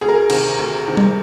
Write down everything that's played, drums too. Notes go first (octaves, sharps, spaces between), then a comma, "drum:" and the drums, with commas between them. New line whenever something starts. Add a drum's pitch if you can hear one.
D2 G#4
A#4
G#4
C3 D#3, drum: cymbal
D2
C3 D#3
drum: tom G3